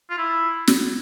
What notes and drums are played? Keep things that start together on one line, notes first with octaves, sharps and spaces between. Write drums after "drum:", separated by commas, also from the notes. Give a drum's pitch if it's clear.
F4
E4
drum: snare